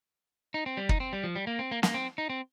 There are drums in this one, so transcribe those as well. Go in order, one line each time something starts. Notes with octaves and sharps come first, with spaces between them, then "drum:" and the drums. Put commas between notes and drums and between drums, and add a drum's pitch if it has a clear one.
D#4
C4
G3
D#4, drum: kick
C4
G3
F3
G3
A#3
C4
A#3
A#3, drum: snare
C4
D#4
C4